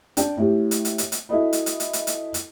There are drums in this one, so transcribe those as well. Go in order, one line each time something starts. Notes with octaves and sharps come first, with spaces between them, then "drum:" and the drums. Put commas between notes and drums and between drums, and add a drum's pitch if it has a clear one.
D4 G5, drum: hi-hat
A2 G4
drum: hi-hat
drum: hi-hat
drum: hi-hat
drum: hi-hat
E4 F#4 A4 D#5 B5
drum: hi-hat
drum: hi-hat
drum: hi-hat
drum: hi-hat
drum: hi-hat
drum: hi-hat